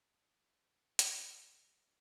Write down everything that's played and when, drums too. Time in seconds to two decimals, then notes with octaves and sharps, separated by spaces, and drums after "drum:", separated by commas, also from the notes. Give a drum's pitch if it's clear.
0.24 D4 F#4 C#5
0.99 drum: hi-hat